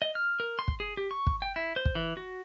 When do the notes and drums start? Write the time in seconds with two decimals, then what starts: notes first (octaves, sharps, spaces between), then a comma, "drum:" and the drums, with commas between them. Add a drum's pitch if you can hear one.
0.02 D#5
0.15 F6
0.40 A#4
0.59 C6
0.68 drum: kick
0.80 G#4
0.97 G4
1.11 C#6
1.27 drum: kick
1.42 G5
1.56 E4
1.76 C5
1.85 drum: kick
1.95 E3
2.17 F#4